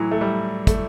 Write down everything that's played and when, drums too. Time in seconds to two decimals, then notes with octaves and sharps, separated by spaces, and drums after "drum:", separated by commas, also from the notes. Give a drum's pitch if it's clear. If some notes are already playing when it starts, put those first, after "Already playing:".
Already playing: A2 E3 F#3
0.11 A3
0.21 G3
0.67 A3, drum: kick, hi-hat